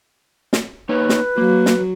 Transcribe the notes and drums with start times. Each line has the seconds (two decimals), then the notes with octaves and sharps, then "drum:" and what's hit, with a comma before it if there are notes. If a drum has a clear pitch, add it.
0.53 drum: snare
0.89 A#3 D#4 B4 C#5
1.09 drum: snare
1.38 F#3 A#3
1.66 drum: snare